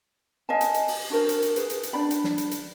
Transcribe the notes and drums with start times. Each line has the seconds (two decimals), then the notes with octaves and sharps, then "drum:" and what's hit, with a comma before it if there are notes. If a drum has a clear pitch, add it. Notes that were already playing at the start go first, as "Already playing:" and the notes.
0.49 D#5 F5 G#5 A5
0.61 drum: hi-hat
0.74 drum: hi-hat
0.88 drum: open hi-hat
1.10 D4 F#4 A#4 C5
1.29 drum: hi-hat
1.42 drum: hi-hat
1.56 G#4 B4, drum: hi-hat
1.70 drum: hi-hat
1.83 drum: hi-hat
1.93 D4 D5 B5
2.11 drum: hi-hat
2.24 drum: snare
2.38 drum: hi-hat
2.51 drum: hi-hat